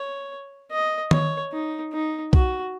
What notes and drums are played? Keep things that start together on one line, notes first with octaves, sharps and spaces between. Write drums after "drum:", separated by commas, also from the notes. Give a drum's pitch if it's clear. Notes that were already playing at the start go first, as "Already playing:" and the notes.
Already playing: C#5
D#5
C#5, drum: tom D#3
D#4
D#4
F#4, drum: kick B1